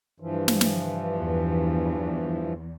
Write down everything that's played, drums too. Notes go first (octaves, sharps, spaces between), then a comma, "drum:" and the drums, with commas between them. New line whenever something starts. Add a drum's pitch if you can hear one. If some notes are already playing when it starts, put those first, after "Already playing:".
G2 E3 F3
drum: snare
drum: snare
E2